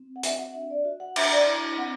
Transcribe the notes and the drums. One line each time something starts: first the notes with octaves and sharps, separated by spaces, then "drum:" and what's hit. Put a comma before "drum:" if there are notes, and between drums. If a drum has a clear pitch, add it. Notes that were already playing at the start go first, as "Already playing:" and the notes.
Already playing: C4
F#5
F#4 E5, drum: hi-hat
F#5
D4 E5
D5
F#4 E5
F#5
D4 E5, drum: cymbal
D5
E4
C4 F#5